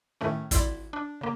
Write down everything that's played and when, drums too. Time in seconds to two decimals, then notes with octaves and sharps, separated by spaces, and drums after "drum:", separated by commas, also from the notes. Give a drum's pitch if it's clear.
0.21 A2 D#3 A3 C#4
0.51 G#1 E4 D5 C6, drum: kick, hi-hat
0.93 D4
1.21 C#3 A#3